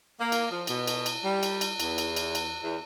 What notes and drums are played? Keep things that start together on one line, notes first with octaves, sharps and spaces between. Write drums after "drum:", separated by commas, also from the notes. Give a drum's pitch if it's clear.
A#3
drum: cymbal
F3
B2, drum: cymbal
drum: cymbal
drum: cymbal
G3
drum: cymbal
drum: cymbal
E2, drum: cymbal
drum: cymbal
drum: cymbal
drum: cymbal
E2